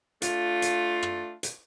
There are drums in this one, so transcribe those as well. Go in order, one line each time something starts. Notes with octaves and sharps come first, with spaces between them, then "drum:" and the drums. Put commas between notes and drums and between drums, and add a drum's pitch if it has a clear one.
A3 D4 F4, drum: hi-hat
drum: hi-hat
drum: rim click
drum: hi-hat